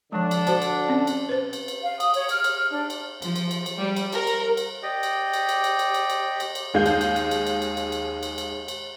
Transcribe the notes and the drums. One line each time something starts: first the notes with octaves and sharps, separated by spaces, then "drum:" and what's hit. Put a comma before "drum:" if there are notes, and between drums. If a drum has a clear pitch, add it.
D3 F3 G#3 D4
drum: cymbal
F#4 C5 A5, drum: cymbal
drum: cymbal
C4 C#4
drum: cymbal
B4 C5
drum: cymbal
drum: cymbal
F5
D#6, drum: cymbal
C#5, drum: cymbal
F6, drum: cymbal
drum: cymbal
D4
drum: cymbal
F3, drum: cymbal
drum: cymbal
drum: cymbal
drum: cymbal
G3
drum: cymbal
A#4, drum: cymbal
drum: cymbal
drum: cymbal
G4 D5 D#5
drum: cymbal
drum: cymbal
drum: cymbal
drum: cymbal
drum: cymbal
drum: cymbal
drum: cymbal
drum: cymbal
drum: cymbal
D#2 G#3 F5 G6
drum: cymbal
drum: cymbal
drum: cymbal
drum: cymbal
drum: cymbal
drum: cymbal
drum: cymbal
drum: cymbal
drum: cymbal
drum: cymbal
drum: cymbal